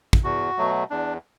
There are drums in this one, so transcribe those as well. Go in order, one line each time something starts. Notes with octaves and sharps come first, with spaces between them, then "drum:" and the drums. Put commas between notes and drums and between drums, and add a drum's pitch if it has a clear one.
drum: kick
E2 F#4
B2 F#3 A3
E2 D4